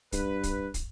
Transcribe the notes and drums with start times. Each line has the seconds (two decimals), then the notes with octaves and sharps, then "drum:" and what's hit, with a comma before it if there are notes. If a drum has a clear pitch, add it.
0.12 G2 B4, drum: kick, hi-hat
0.43 drum: kick, hi-hat
0.74 drum: kick, hi-hat